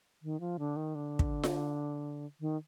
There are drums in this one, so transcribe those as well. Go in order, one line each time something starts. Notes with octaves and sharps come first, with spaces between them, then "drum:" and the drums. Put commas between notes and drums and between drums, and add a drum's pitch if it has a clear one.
D#3
F3
D3
D#3
D3
drum: kick
drum: snare F4
D#3